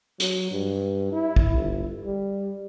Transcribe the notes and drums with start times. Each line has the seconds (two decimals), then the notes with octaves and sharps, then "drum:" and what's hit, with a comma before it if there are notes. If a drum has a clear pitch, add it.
0.20 F#3, drum: hi-hat
0.51 G2
1.12 E4
1.36 drum: kick
1.54 G1
2.05 G3